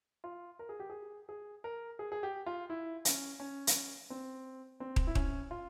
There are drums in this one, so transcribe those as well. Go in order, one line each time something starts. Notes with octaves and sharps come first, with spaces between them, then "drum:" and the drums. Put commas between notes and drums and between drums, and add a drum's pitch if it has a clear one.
F4
A#4
G#4
G4
G#4
G#4
A#4
G#4
G#4
G4
F4
E4
C#4, drum: hi-hat
C#4
drum: hi-hat
C4
C4
drum: kick
E4
C#4, drum: kick
F4